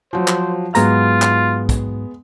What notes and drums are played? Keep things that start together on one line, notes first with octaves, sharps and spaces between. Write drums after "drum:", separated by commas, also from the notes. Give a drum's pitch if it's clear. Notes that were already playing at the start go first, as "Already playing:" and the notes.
F3 F#3 C5
drum: clap
G#2 F#3 G#3 B3 F4 A#5, drum: hi-hat
drum: clap
drum: kick, hi-hat